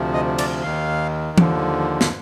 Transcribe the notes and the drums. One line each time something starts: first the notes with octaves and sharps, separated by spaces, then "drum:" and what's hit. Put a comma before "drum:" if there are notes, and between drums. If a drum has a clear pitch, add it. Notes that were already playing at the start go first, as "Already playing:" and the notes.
Already playing: D2 C3 F3
D#5
D5, drum: cymbal
D#2 D#3 F5
D#2 D3 F3, drum: tom E3
drum: snare